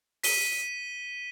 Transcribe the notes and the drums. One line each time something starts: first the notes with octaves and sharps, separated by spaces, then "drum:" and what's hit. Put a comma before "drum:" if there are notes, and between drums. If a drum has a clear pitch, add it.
B6 D#7 G7, drum: open hi-hat